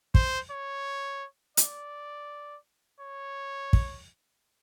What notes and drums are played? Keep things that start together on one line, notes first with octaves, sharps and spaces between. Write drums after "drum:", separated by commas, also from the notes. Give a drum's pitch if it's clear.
C5, drum: kick
C#5
D5, drum: hi-hat
C#5
drum: kick